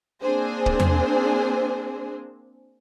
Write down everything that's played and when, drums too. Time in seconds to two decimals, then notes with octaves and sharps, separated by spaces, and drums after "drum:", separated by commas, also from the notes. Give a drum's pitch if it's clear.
0.22 A#3 C4 D4 G#4 C5
0.66 drum: kick
0.80 drum: tom E2